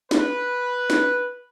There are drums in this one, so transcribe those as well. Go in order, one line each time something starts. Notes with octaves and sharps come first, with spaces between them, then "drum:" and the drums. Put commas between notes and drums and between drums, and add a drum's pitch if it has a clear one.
B4, drum: snare
drum: snare